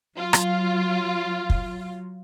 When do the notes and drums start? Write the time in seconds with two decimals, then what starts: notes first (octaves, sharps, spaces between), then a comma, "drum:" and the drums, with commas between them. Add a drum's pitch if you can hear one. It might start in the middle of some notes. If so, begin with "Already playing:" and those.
0.17 F#3 F4
0.33 drum: rim click
1.50 drum: kick